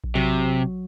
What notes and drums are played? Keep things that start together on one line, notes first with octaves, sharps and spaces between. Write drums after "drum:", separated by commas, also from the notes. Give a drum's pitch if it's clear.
drum: kick A#1
C3 F#3